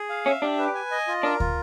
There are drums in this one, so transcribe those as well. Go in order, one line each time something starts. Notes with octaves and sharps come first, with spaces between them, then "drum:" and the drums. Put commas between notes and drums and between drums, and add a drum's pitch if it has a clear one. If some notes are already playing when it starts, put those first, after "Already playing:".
Already playing: G#4
F5
C#4 E5
D4 G4
B4
G#5
D#5
F4
D4 A#4
F4, drum: kick